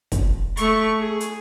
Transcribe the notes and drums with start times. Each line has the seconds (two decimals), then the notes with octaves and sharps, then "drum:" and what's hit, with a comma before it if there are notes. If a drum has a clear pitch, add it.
0.12 drum: kick, hi-hat
0.57 A3 C#6, drum: hi-hat
0.99 G#4
1.20 drum: hi-hat